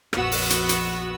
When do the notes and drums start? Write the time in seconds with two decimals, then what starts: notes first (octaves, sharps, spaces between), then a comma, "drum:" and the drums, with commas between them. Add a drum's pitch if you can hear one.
0.13 A#1 F2 B3 F#4 F#5 E6, drum: rim click
0.32 drum: open hi-hat
0.50 drum: hi-hat
0.69 drum: hi-hat